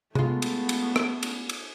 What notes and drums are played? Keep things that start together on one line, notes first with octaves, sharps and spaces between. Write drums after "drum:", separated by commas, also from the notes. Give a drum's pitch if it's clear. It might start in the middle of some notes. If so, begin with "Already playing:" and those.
G#3 A3 B3 F4, drum: tom C3
drum: cymbal
drum: cymbal
drum: rim click
drum: cymbal
drum: cymbal